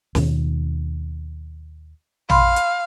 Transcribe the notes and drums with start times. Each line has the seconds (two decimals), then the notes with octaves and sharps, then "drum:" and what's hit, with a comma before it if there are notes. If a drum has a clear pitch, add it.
0.15 D#2 B2 D#3, drum: snare
2.30 F5 B5 C6, drum: tom A#1
2.56 drum: hi-hat